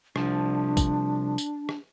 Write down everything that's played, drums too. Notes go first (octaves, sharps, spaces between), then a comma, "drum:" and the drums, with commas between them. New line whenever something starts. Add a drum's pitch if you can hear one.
C2 F3 D4, drum: rim click
drum: kick, tambourine
drum: tambourine
drum: rim click